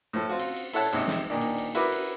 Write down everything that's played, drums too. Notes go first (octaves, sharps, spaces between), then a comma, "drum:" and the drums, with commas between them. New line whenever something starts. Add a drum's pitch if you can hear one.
A2 F3 A4
C4 F4 F#4
drum: cymbal
drum: cymbal
E4 A4 C#5 F#5 A5, drum: cymbal
G#1 C3 D#4, drum: cymbal
drum: snare
A#2 D#3 D4
drum: cymbal
drum: cymbal
E4 F#4 A#4 B4 D6, drum: cymbal
drum: cymbal